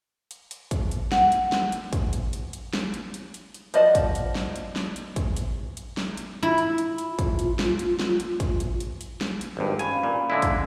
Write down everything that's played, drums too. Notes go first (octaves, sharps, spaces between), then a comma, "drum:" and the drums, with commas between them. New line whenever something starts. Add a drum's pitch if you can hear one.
drum: hi-hat
drum: hi-hat
drum: kick, hi-hat
drum: hi-hat
F#5, drum: snare
drum: hi-hat
drum: snare
drum: hi-hat
drum: kick, hi-hat
drum: hi-hat
drum: hi-hat
drum: hi-hat
drum: snare
drum: hi-hat
drum: hi-hat
drum: hi-hat
drum: hi-hat
F3 D5 D#5 F#5 A5, drum: hi-hat
drum: kick, hi-hat
drum: hi-hat
drum: snare
drum: hi-hat
drum: snare
drum: hi-hat
drum: kick, hi-hat
drum: hi-hat
drum: hi-hat
drum: snare
drum: hi-hat
E4 F4
drum: hi-hat
drum: hi-hat
drum: hi-hat
drum: kick, hi-hat
drum: hi-hat
drum: snare
drum: hi-hat
drum: snare
drum: hi-hat
drum: kick, hi-hat
drum: hi-hat
drum: hi-hat
drum: hi-hat
drum: snare
drum: hi-hat
G#1 G2
C#4 F5 G#5 B5, drum: hi-hat
A#2
D3 G#3 E4
drum: kick, hi-hat